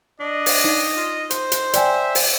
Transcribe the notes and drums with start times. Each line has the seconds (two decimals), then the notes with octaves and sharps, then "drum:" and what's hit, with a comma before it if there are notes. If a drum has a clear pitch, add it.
0.20 D4 D#5
0.46 drum: open hi-hat
0.64 D#4
0.96 F4
1.30 C5, drum: hi-hat
1.52 drum: hi-hat
1.73 D5 E5 G5 G#5, drum: hi-hat
2.15 drum: open hi-hat